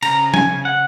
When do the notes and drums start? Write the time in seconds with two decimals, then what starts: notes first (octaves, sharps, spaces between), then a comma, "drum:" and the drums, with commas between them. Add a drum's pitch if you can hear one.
0.02 C#3 A#5, drum: cymbal
0.34 G#5, drum: tom
0.49 C#3
0.65 F#5